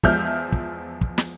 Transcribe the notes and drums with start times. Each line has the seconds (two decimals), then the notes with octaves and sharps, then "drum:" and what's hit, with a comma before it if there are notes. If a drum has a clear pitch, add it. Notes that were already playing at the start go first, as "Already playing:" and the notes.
0.03 E2 F3 G#3 E5 F6 G6, drum: kick
0.52 drum: kick
1.01 drum: kick
1.18 drum: snare